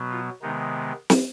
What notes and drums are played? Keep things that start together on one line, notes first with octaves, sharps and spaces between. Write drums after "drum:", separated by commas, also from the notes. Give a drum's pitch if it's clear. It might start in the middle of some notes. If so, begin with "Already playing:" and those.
Already playing: B2 F#3 B3
F4
C3 D#3 G#3 B3 D#4
drum: snare